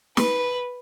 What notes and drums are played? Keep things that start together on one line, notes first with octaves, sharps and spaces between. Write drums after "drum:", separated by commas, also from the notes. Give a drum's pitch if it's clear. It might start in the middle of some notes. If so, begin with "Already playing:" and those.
B4, drum: snare